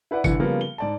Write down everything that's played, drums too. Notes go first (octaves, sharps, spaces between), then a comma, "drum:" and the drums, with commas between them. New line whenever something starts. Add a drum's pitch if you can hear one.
E4 B4 D5 F#5
C2 D3 E3 C#7, drum: kick G1, tambourine
C#3 F3 G3 A#3 B3
G7
G#2 D5 A5